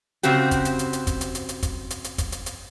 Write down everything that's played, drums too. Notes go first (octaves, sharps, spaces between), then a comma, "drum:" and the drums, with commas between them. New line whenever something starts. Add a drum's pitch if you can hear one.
C#3 C4 F#4 G4, drum: hi-hat
drum: kick, hi-hat
drum: hi-hat
drum: hi-hat
drum: hi-hat
drum: kick, hi-hat
drum: hi-hat
drum: hi-hat
drum: hi-hat
drum: kick, hi-hat
drum: hi-hat
drum: hi-hat
drum: kick, hi-hat
drum: hi-hat
drum: hi-hat